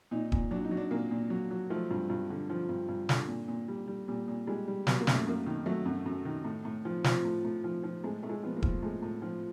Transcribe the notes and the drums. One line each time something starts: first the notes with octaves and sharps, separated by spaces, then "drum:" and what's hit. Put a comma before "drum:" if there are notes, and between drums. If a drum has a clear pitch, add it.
A#2 D#4
A#2, drum: kick D#1
F#3 D4
D#4
F#3
D4
A#2 A#3
A#2
F#3
F#3
F3 A3
G2
G2
D3
F3
G2
G2
D3, drum: snare
A#2
A#2
G3
G3
A#2 G3
A#2
G3 G#3
G3
F#3 B3, drum: snare
A#3
F#2, drum: snare
A3
F#2 A#3
D#3
F#3 A3
F#2
F#2
D#3
A2
A2
F3
F3, drum: snare
A2
A2
F3
F3
A2 G#3
A2 A3
G#3
F3 B3
A#3
F3, drum: kick D#1
A2 G#3
A2
F3